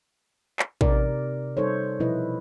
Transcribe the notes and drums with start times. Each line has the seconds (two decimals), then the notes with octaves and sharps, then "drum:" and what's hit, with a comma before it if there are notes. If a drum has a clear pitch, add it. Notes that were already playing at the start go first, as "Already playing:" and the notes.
0.59 drum: clap
0.81 C3 D#4 A#4 D5, drum: kick A1
1.57 G3 D#4 A4 C5 C#5
2.00 B2 F3 E4 B4 D#5